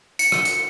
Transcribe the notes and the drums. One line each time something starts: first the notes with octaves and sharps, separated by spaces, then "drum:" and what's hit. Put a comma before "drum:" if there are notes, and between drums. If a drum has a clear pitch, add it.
C#7, drum: hi-hat
drum: rim click
drum: hi-hat